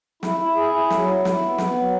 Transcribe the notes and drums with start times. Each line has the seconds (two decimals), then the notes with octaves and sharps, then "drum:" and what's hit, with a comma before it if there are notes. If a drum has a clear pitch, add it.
0.23 E4, drum: snare
0.40 E4
0.56 G#4
0.74 E4
0.90 F#3, drum: snare
1.08 E4
1.25 E4, drum: snare
1.42 B3
1.58 B3, drum: snare
1.76 F#3